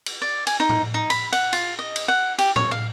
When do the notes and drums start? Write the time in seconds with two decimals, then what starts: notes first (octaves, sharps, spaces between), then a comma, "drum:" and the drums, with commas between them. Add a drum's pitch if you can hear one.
0.06 drum: cymbal
0.22 D5
0.47 G#5, drum: cymbal
0.60 D#4
0.69 drum: tom A2
0.94 D#4
1.10 B5, drum: cymbal
1.33 F#5, drum: cymbal
1.53 F4, drum: cymbal
1.79 D#5
1.96 drum: cymbal
2.08 F#5
2.38 G4, drum: cymbal
2.56 C#5, drum: tom A2
2.71 F5